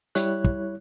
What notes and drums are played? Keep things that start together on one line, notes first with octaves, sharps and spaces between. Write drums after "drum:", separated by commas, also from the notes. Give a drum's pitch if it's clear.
G3 E4 C#5 F#6, drum: hi-hat
drum: kick